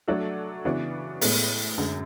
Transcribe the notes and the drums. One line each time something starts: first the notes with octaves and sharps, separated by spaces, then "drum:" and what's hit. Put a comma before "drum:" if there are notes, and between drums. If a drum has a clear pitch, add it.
F#3 A3 D4 F#4 A4
C#3 E3 B3 D4 F#4
A2 G#3 B3, drum: open hi-hat
F#2 D3 G#3